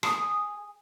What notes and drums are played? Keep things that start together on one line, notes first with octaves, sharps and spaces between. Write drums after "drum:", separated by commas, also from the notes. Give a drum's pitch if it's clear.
G#4, drum: rim click